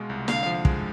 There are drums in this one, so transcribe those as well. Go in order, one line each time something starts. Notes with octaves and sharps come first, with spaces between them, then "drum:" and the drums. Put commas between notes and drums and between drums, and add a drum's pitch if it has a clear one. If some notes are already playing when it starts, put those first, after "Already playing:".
Already playing: B2 G#3 F4
C2
D3 F5, drum: snare
F3
G#3, drum: kick